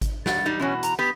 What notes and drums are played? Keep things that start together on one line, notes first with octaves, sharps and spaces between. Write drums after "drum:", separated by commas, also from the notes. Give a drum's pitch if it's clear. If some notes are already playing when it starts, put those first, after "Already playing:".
drum: kick G#1, hi-hat
G2 F#5 A6, drum: snare
G3 D#4
B2 E3 C#4 F#4
A#5, drum: hi-hat
B3 G4 B6